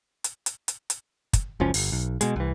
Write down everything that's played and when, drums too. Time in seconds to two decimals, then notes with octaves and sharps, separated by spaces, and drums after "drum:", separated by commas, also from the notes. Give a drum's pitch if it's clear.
0.24 drum: hi-hat
0.46 drum: hi-hat
0.68 drum: hi-hat
0.90 drum: hi-hat
1.33 drum: kick, hi-hat
1.60 F#1 C#2 F3 C#4
1.74 G1, drum: open hi-hat
1.92 B1
2.21 B2 G#3, drum: hi-hat
2.36 C2 E3